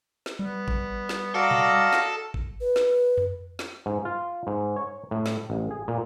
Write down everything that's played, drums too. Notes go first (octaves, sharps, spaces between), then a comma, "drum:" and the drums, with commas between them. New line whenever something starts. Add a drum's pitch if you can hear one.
drum: snare
G3 B3
drum: kick G#1
drum: snare
F#4 A4 A#4 D5 D#5 F5
drum: tom A#2
drum: snare
drum: kick G#1
B4
drum: snare
drum: tom F2
drum: snare
G#2
F4
G#2
C#5
A2
drum: snare
A1
G#4
A#2